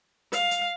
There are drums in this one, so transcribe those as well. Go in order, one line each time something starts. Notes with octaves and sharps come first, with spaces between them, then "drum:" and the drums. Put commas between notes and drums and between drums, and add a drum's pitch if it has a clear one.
F5, drum: hi-hat
drum: hi-hat